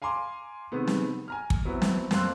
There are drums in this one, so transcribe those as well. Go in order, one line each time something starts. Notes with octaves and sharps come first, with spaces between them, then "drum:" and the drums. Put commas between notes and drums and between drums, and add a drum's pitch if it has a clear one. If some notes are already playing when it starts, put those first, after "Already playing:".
F5 G#5 A#5 C6 D6
C3 D#3 G#3 B3
drum: snare
G#5 A#5 F6
drum: kick
F#3 B3 C4 E4
drum: snare
F2 A#3 C4 C6 E6 F#6, drum: snare